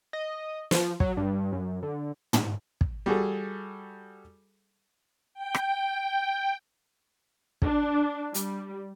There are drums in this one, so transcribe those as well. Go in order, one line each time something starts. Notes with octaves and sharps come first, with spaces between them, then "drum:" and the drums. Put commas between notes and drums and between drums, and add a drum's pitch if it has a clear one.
D#5
F3, drum: snare
F#3, drum: kick
G2
F#2
D3
drum: tom
drum: kick
G3 F#4 G#4 A4
G5
drum: rim click
D4, drum: kick
G3, drum: hi-hat